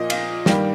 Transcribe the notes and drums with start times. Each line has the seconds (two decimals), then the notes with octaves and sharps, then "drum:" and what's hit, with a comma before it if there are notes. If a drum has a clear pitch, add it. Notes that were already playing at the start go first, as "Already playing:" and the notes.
Already playing: A#2 F3 A#3 D#5
0.10 F5, drum: cymbal
0.46 G2 D#3 G3 A#3 G5, drum: snare